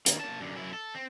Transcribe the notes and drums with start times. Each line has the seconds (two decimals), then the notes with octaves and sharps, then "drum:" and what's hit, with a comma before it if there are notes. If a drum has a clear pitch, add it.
0.06 D#3 A#3, drum: hi-hat
0.20 A#3 A5
0.41 F#2 D3
0.56 F#2 E4
0.73 A4
0.95 C4